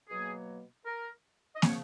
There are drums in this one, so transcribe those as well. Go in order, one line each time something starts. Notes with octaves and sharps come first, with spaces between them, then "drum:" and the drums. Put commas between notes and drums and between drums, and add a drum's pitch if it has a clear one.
B2 F#3 A#3 G#4
A#4
D#5
C#3 F3 C#5, drum: snare